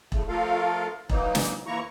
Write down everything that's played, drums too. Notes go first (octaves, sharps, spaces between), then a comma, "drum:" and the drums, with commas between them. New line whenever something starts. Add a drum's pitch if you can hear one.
A2 C#3 A3, drum: kick E1
F3 A3 F4 A4 A#4 F5
E3 F#3 A#3 D#4, drum: kick E1
drum: snare
D#2 E3 A#3 E4 A#5 C#6